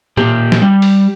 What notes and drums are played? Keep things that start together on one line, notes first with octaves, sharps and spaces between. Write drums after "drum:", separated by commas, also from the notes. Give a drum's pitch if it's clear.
A#2 G4, drum: tom A2
drum: snare
G3
drum: open hi-hat